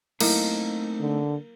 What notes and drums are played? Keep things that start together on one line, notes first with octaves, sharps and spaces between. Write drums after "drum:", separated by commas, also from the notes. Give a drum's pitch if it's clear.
F#3 A3 A#3 C4 D#4 E4, drum: cymbal
D3